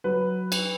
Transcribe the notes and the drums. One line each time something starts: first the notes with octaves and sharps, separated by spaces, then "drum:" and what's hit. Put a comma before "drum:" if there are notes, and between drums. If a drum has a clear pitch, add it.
F#3 B4
drum: cymbal